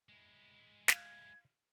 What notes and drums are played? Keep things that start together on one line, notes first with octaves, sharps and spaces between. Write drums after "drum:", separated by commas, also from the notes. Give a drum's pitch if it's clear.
G#3 E4
F5 G#6, drum: snare